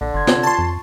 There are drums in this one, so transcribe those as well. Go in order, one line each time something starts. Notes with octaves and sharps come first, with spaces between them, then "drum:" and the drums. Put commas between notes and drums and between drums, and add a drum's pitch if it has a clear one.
A#1 D3
G1 C6 G#6
C3 F4, drum: snare
A5 C6 C#6 A6
F2